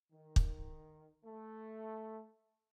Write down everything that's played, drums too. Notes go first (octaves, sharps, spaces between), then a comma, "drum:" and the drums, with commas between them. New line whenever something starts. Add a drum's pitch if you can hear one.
D#3
drum: kick
A3